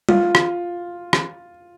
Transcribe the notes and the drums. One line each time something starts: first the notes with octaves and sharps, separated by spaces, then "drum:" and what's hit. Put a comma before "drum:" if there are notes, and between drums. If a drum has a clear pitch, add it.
F4, drum: tom G3
drum: rim click
drum: rim click